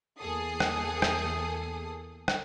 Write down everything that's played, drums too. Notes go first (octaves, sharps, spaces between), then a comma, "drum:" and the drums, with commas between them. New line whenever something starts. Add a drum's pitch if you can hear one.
E2 A#3 G#4 A4 D#6 C7
drum: rim click
drum: rim click
drum: rim click